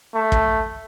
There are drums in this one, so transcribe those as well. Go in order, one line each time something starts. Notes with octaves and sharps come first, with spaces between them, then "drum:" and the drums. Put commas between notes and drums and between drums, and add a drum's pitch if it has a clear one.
A3
drum: kick